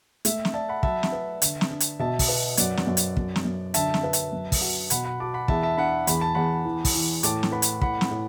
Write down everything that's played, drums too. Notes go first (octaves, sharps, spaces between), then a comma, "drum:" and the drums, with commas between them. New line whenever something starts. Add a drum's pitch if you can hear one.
A3 E5, drum: hi-hat
drum: snare
D5 E5 A5
F#5 B5
F#3 E5 A5, drum: kick
drum: snare
B4
D3, drum: hi-hat
drum: snare
D4
drum: hi-hat
B2 E5 A5
drum: kick, open hi-hat
B4
F#2 D5 F#5, drum: hi-hat
drum: snare
F#2
drum: hi-hat
F#2, drum: kick
drum: snare
F#2
D3 E5 A5, drum: hi-hat
drum: snare
B4
drum: hi-hat
F#2
drum: kick, open hi-hat
F#4
B2 F#5 B5, drum: hi-hat
F#5 B5
F#4 A5 D6
F#5 B5
E2 E5 A5, drum: kick
E5 A5
D4 F#5 B5
E2 B5, drum: hi-hat
A5
E2 F#5 B5
E3
drum: kick, open hi-hat
E3
A2 A5 D6, drum: hi-hat
drum: snare
B4 F#5 B5
drum: hi-hat
A2 F#5 B5, drum: kick
drum: snare
A2